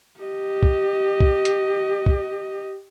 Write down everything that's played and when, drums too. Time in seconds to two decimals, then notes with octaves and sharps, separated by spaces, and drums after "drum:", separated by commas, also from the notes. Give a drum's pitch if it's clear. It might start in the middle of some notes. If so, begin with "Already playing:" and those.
0.20 G4 D#5
0.63 drum: kick
1.20 drum: kick
1.45 drum: hi-hat
2.06 drum: kick